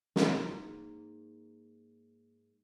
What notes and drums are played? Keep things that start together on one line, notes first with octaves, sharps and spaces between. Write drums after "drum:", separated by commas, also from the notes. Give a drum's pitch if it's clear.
G#2 A#3, drum: snare